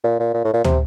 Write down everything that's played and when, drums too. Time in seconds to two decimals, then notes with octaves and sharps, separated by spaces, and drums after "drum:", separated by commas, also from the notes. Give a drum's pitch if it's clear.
0.04 A#2
0.20 A#2
0.34 A#2
0.44 A2
0.54 A#2
0.64 C3, drum: tom